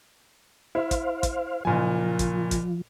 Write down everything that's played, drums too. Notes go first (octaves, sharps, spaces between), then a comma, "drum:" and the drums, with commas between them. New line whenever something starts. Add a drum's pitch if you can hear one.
E4 C5 F5
drum: kick, hi-hat
drum: kick, hi-hat
F#1 A#2 F3 G#5
drum: kick, hi-hat
drum: kick, hi-hat